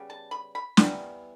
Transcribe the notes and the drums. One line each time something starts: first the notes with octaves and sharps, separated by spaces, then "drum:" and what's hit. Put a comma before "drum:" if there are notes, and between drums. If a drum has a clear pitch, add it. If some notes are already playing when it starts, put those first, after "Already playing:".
Already playing: C#3 G3 B3
A5
B5
B5
E3 G3 B3, drum: snare